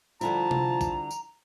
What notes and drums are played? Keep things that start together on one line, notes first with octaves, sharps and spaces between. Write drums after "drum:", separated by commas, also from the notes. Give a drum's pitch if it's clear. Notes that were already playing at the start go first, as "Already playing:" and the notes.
D3 F3 G3 E4 A5 A#5, drum: tambourine
drum: tom C3
drum: kick, tambourine
drum: tambourine